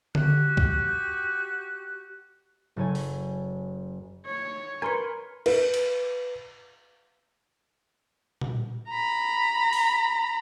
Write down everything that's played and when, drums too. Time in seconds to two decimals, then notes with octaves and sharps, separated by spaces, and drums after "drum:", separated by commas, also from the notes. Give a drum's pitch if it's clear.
0.15 F#4 G4 F#6, drum: tom D3
0.57 drum: kick C2
2.76 F#1 A4 C#5 G#5
2.95 drum: open hi-hat
4.25 C#5
4.82 A#4 B4 G#5 C6 C#6
5.46 B4, drum: cymbal
5.74 drum: cymbal
8.41 drum: tom A#2
8.90 A#5 B5
9.73 drum: open hi-hat